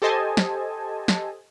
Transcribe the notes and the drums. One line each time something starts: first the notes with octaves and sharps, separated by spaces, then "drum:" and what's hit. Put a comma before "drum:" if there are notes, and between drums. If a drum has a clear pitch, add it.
G4 A4 C5 D#5 G#5 A5
drum: snare
drum: snare